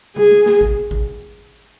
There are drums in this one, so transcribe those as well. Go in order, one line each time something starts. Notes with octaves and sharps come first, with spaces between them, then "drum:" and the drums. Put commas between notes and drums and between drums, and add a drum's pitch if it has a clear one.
G#4, drum: tom
drum: tom G#3
drum: snare
drum: kick G#1
drum: kick G#1